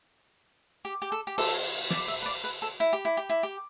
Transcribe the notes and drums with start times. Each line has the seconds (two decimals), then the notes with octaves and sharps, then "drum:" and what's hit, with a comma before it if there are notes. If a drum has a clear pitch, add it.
0.85 G4
1.02 G4
1.12 A4
1.27 G4
1.38 A4, drum: cymbal
1.90 D5, drum: snare
2.08 E5
2.22 B4
2.26 D5
2.44 B4
2.62 A4
2.80 E4
2.93 G4
3.05 E4
3.17 G4
3.30 E4
3.43 G4